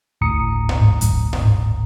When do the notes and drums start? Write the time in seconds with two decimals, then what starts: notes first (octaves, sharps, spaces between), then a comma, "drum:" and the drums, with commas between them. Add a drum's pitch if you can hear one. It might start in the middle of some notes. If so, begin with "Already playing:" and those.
0.21 G1 D2 A2 A#5 D#6 C#7
0.69 drum: tom G#2
1.01 drum: kick F2, hi-hat
1.33 drum: tom G#2